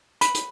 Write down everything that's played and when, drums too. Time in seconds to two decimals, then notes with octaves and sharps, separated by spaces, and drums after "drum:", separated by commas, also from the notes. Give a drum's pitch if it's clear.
0.21 B5, drum: hi-hat
0.35 drum: hi-hat